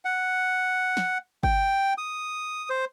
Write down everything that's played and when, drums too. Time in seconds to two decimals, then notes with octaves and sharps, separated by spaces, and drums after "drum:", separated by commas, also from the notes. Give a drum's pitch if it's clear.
0.05 F#5
0.97 drum: snare
1.43 G5, drum: kick G1
1.98 D#6
2.70 C5